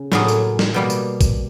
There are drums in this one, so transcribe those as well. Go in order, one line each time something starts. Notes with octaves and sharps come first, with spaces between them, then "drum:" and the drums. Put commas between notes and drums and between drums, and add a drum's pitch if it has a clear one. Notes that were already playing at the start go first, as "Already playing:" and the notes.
Already playing: C#3
A2 F#3 A#3 G#4, drum: snare
drum: tambourine
drum: snare
B2 G3 A#3
drum: tambourine
drum: kick, tambourine